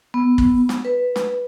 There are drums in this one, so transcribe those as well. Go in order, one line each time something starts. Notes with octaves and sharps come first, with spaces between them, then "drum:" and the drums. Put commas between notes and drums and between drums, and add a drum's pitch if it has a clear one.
B3
drum: kick
drum: snare
B4
drum: snare